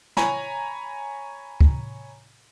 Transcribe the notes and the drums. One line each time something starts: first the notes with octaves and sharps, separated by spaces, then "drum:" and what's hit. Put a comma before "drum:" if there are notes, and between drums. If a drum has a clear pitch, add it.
C#5 G#5 A#5 B5, drum: snare
drum: kick